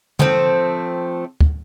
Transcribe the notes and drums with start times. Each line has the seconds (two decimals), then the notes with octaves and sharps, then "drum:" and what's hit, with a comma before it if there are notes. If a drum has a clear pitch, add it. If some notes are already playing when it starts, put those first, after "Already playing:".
0.19 F3 A3 C4, drum: tom
1.41 drum: kick